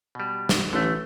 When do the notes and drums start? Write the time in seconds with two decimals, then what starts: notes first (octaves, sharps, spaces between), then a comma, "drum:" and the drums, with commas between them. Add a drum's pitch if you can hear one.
0.15 B2 G3
0.49 drum: snare
0.73 A1 D3 A3